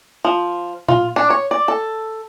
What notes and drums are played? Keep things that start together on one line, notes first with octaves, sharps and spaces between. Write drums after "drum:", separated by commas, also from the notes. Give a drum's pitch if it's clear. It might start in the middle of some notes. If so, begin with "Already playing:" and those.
F3
F4, drum: tom A#2
D4
C#5
D5
A4